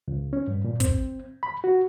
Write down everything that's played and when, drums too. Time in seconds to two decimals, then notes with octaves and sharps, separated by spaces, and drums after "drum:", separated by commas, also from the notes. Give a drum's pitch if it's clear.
0.08 C#2
0.33 C#4
0.48 G2
0.64 A#2
0.80 C4, drum: kick, hi-hat
1.43 B5
1.64 F#4